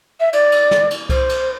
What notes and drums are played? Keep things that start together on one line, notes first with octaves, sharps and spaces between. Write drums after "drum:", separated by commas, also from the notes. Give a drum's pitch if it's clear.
E5
D5, drum: cymbal
drum: cymbal
drum: snare
drum: cymbal
C5, drum: kick C2, cymbal
drum: cymbal